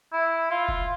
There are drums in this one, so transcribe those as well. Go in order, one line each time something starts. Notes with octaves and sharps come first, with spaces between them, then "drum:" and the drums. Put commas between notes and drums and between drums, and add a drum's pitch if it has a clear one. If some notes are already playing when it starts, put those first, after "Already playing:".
E4
F4
drum: kick F1